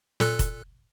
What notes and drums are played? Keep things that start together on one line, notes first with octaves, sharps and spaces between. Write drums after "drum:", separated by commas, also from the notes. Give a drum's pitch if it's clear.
A#2 A4 F#6, drum: snare
drum: kick F1, hi-hat